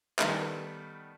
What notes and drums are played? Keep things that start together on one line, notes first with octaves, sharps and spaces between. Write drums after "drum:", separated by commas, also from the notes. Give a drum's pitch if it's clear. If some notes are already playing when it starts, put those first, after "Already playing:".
D#3 G3 A3 B3, drum: clap